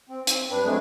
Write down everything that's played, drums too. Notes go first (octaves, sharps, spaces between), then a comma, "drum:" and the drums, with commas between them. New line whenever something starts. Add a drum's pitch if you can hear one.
C4
C4, drum: hi-hat
G2 D4 B4
F#3 G#3 A3 C4 D4 G#4